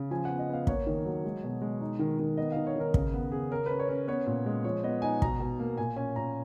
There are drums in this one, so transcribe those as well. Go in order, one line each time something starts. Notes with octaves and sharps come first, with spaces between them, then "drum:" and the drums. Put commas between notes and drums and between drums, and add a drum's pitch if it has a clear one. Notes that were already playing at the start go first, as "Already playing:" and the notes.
Already playing: C#3
F3 G#5
B3 F#5
D#5
B3 F5
A#3 C#5, drum: kick
D#3
F#3
G#3
B2
G#3
D#4
D#3
D#3
B3 D#5
D#3 F5
C#5
D#3 A#4
C#3 A#4, drum: kick
B3
C#3 G#4
C#4 A#4
C#4 B4
C#5
C#4
B3 C#5
A#2
G#3
F3 C#5
B3 D#5
D#4 G#5
B2 A#5, drum: kick
B2
A#3
A#2 G#5
C#4 G#5
A#2 A#5